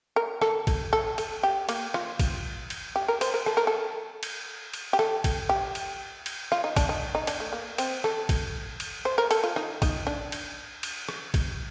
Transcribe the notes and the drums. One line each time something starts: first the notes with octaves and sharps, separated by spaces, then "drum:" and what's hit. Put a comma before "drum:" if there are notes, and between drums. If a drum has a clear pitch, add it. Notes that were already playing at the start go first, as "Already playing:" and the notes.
A#4
A4, drum: rim click
drum: kick, cymbal
A4
A4, drum: cymbal
G4
A#3, drum: cymbal
F4, drum: rim click
drum: kick, cymbal
drum: cymbal
G4
A#4
C5, drum: cymbal
A#4
A4, drum: rim click
A#4
A4
drum: cymbal
drum: cymbal
G4
A4, drum: rim click
drum: kick, cymbal
G4
drum: cymbal
drum: cymbal
F4, drum: rim click
D#4
D4, drum: kick, cymbal
D#4
D#4
D4, drum: cymbal
A3
A#3
C4, drum: cymbal
A4, drum: rim click
drum: kick, cymbal
drum: cymbal
C5
A#4
A4, drum: cymbal
F4
D#4, drum: rim click
D#4, drum: kick, cymbal
D4
drum: cymbal
drum: cymbal
drum: rim click
drum: kick, cymbal